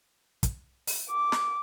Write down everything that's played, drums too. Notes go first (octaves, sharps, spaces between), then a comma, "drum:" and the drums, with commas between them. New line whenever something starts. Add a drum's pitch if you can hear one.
drum: kick, hi-hat
drum: open hi-hat
D6
drum: snare